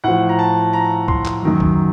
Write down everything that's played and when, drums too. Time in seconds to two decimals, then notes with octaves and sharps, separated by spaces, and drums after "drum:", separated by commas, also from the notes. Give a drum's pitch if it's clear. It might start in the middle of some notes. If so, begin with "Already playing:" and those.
0.04 A2 F3 F#5
0.29 A#5
0.39 A5
0.73 A#5
1.08 C6, drum: kick
1.26 drum: clap
1.43 F#2 D#3 F#3
1.60 drum: kick